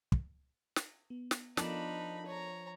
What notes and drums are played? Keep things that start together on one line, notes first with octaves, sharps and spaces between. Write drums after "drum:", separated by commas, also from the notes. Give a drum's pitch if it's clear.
drum: kick
drum: snare
B3
drum: snare
F3 B3 D4 D#4 F4 A4 A#4 B5, drum: snare
C#5 A#5